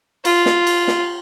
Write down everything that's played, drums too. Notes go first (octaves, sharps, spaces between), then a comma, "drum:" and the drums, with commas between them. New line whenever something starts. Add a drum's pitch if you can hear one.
F4, drum: cymbal
drum: snare
drum: cymbal
drum: snare